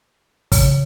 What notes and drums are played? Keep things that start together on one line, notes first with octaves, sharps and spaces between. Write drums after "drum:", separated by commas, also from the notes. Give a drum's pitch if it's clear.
C#3, drum: kick, open hi-hat